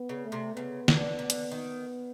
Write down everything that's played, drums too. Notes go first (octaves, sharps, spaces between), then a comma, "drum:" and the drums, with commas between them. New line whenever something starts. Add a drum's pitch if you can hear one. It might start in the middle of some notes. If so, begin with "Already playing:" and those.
Already playing: B3
C#3
A3
C3
C#3 B3
D3, drum: snare
D3
drum: hi-hat
D#3